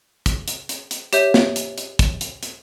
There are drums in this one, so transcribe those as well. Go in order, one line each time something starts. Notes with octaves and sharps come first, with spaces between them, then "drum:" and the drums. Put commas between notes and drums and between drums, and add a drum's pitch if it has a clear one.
drum: kick, hi-hat
drum: hi-hat
drum: hi-hat
drum: hi-hat
G4 C#5 E5 G6, drum: hi-hat
drum: snare
drum: hi-hat
drum: hi-hat
drum: kick, hi-hat
drum: hi-hat
drum: hi-hat